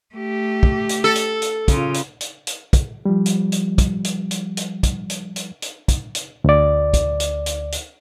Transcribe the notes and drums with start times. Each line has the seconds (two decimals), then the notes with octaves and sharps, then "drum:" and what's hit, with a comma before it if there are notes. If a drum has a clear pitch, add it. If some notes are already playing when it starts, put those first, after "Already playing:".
0.15 A3 G4
0.63 drum: kick
0.89 drum: hi-hat
1.04 A4
1.15 drum: hi-hat
1.42 drum: hi-hat
1.68 C#3 F4, drum: kick, hi-hat
1.94 drum: hi-hat
2.21 drum: hi-hat
2.47 drum: hi-hat
2.73 drum: kick, hi-hat
3.05 F3 G3
3.26 drum: hi-hat
3.52 drum: hi-hat
3.78 drum: kick, hi-hat
4.04 drum: hi-hat
4.31 drum: hi-hat
4.57 drum: hi-hat
4.83 drum: kick, hi-hat
5.10 drum: hi-hat
5.36 drum: hi-hat
5.62 drum: hi-hat
5.88 drum: kick, hi-hat
6.15 drum: hi-hat
6.44 D2 D5
6.93 drum: kick, hi-hat
7.20 drum: hi-hat
7.46 drum: hi-hat
7.72 drum: hi-hat